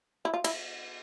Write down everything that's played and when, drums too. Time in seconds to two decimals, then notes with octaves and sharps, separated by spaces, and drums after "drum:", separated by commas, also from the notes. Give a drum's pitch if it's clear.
0.25 E4
0.34 F4
0.44 E4, drum: cymbal